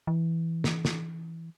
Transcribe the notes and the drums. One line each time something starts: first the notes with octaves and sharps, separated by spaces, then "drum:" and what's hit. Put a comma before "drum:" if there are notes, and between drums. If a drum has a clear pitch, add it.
E3
drum: snare
drum: snare